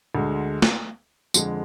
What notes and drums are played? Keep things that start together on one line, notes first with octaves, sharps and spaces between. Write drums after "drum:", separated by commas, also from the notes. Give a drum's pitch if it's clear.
D2 D3 G#3
drum: snare
F2 D3 F3 G#3, drum: tambourine